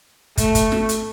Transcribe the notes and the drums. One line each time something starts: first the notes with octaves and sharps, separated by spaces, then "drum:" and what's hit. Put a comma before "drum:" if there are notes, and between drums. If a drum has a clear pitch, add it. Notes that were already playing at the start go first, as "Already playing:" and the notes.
A3, drum: kick, hi-hat
drum: kick, hi-hat
drum: snare
drum: hi-hat